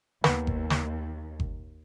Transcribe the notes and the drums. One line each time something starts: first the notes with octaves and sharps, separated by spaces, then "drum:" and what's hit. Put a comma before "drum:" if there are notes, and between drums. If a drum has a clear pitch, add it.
D#2 B3, drum: snare
drum: kick G1
drum: snare
drum: kick G1